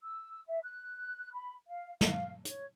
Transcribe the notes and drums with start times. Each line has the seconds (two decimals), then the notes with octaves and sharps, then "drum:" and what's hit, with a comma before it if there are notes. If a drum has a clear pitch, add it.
0.03 E6
0.47 E5
0.64 F#6
1.33 B5
1.68 F5
2.01 F5, drum: snare
2.45 C#5, drum: hi-hat